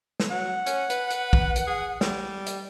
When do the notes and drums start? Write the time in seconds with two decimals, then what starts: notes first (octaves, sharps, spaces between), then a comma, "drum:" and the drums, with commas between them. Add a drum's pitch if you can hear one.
0.20 drum: snare
0.31 F#3 F#5
0.66 C#4, drum: hi-hat
0.90 B4, drum: hi-hat
1.10 drum: hi-hat
1.33 drum: kick
1.56 drum: hi-hat
1.67 G#4
2.01 G3, drum: snare
2.46 drum: hi-hat